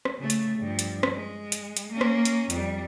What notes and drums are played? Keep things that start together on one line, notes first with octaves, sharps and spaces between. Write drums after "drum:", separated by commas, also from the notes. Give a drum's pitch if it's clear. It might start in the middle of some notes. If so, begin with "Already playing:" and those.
drum: rim click
C#3 A3
drum: hi-hat
G2 F3
drum: hi-hat
drum: rim click
G#3
drum: hi-hat
drum: hi-hat
A#3 C#4
drum: rim click
drum: hi-hat
F2 G3, drum: hi-hat